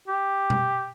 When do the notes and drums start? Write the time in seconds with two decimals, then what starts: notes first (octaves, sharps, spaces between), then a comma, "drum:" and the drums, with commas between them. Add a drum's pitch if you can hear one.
0.08 G4
0.50 drum: tom B2